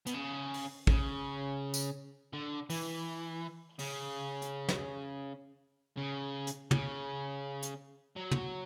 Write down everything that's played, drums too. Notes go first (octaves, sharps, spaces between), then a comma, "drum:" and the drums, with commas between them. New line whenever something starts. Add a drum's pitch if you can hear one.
B2, drum: hi-hat
C#3
drum: open hi-hat
C#3, drum: kick
drum: tambourine
D3
E3, drum: open hi-hat
C#3, drum: open hi-hat
drum: hi-hat
drum: snare
C#3
drum: hi-hat
C#3, drum: tom
drum: hi-hat
F#3
drum: tom